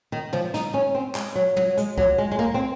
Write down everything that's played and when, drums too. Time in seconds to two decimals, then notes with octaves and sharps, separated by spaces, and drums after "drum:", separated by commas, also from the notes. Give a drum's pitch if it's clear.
0.12 D#3
0.33 F3, drum: tom
0.54 D#4, drum: snare
0.74 C#4
0.95 C4
1.15 G#3, drum: clap
1.35 F#3
1.56 F#3, drum: tom
1.77 G#3, drum: hi-hat
1.98 F#3, drum: kick C2
2.18 G#3
2.32 G#3
2.39 A#3
2.54 C4